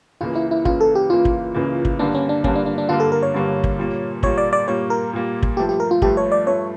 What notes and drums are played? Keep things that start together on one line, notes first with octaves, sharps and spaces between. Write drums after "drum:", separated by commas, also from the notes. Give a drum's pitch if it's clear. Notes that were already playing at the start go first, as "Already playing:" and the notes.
C#2 C#3 E3 A#3 F4
E4
E4
C#2 C#3 E3 A#3 F4, drum: kick
A4
G4
C#2 C#3 E3 A#3 F4
drum: kick
C#2 C#3 E3 A#3
drum: kick
G2 D3 G3 A#3 D4
C#4
D4
G2 D3 G3 A#3 C#4, drum: kick
D4
D4
D4
G2 D3 G3 A#3 F4
A4
A#4
C#5
G2 D3 G3 A#3
drum: kick
A#2 G3 A#3
A#2 G3 A#3 C#5, drum: kick
D5
D5
A#2 G3 A#3 C#5
A#4
A#2 G3 A#3
drum: kick
G2 F3 A3 G4
G4
A#4
F4
G2 F3 A3 G4, drum: kick
C#5
D5
G2 F3 A3 C#5